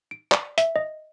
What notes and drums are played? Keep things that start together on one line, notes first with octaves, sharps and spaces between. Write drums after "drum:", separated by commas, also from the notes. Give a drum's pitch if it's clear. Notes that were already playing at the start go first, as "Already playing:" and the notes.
D7
D5, drum: clap
E5, drum: hi-hat
D#5